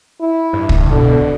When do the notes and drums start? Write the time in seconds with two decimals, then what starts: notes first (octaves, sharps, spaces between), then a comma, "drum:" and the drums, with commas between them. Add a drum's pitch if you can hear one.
0.21 E4
0.53 G2
0.69 drum: kick
0.91 B2 D3